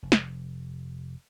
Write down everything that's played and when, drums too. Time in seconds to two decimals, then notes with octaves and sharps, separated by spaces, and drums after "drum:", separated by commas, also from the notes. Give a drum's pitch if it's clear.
0.03 F1
0.12 drum: snare